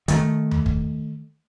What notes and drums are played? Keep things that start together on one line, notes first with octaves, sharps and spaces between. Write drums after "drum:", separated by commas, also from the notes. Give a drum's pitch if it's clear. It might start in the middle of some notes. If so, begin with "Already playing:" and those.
D#3 A3, drum: hi-hat
drum: tom D#2
drum: kick